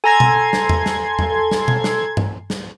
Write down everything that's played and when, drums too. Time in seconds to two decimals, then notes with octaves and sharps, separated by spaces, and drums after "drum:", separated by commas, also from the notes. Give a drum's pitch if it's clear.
0.04 A4 G#5 A#5 C6 G#6 A#6
0.20 drum: tom B2
0.53 drum: snare
0.69 drum: tom E2
0.86 drum: snare
1.19 drum: tom E2
1.51 drum: snare
1.68 drum: tom B2
1.84 drum: snare
2.17 drum: tom G2
2.50 drum: snare